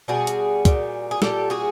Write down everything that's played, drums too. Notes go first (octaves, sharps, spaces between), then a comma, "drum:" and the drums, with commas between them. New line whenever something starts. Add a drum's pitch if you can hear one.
B2 G3 F#4 G#4
drum: hi-hat
A#2 G3, drum: kick, hi-hat
G#4
A#2 G3 G4 A4, drum: snare
F#4 G#4